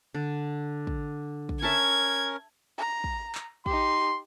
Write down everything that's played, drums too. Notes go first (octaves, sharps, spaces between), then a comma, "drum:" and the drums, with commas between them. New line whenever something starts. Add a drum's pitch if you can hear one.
D3
drum: kick
drum: kick
C#4 A#4 E5 A5 C#6 G#6
A#5
drum: kick
drum: clap
D#4 G4 C6, drum: kick